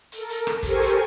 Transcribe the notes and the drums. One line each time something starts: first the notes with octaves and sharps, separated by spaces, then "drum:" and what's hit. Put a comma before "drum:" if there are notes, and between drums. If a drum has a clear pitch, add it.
A4 A#4, drum: hi-hat
drum: hi-hat
drum: rim click
G4 A4 A#4 C5 G#5 C#6, drum: kick, hi-hat
drum: hi-hat